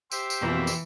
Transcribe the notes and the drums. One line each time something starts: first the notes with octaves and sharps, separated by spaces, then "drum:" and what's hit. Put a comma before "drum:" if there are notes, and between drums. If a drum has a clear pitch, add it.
G4 C5 E5, drum: tambourine
drum: tambourine
F2 B2 E3 A#3
drum: tambourine